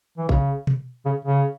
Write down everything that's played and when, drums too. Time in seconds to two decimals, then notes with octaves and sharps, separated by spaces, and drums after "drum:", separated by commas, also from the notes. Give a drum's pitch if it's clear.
0.18 E3
0.29 C#3, drum: kick A#1
0.67 drum: tom B2
1.05 C#3
1.25 C#3